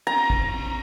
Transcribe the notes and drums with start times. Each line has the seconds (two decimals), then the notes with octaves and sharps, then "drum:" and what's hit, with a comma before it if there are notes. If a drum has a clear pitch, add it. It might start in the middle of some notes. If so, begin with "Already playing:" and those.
0.07 A#5, drum: cymbal
0.30 drum: kick
0.53 drum: cymbal